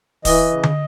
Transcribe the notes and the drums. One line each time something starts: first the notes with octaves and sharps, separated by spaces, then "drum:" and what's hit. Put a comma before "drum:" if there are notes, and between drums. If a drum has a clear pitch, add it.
E3 D#5, drum: kick, open hi-hat
C#3
drum: tom D3